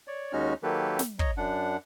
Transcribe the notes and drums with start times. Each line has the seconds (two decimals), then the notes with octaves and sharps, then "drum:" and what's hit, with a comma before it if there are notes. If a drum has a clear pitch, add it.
0.07 C#5 D5
0.33 D#2 G#3 C#4 D#4 F#4 F6
0.63 D#3 F#3 A#3 G4 A4 B4
0.99 drum: snare
1.19 C#5 D#5 A#5, drum: kick
1.37 F#2 D4 F#5